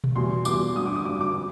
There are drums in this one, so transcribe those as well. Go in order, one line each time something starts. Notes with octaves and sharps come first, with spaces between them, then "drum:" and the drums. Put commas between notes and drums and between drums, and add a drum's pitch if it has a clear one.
drum: tom B2
E2 B2 G3 C6
E2 B2 G3 D6, drum: tambourine
G#1 G2 D3 D#6
D6
D#6
G#1 G2 D3 D6
D6
F3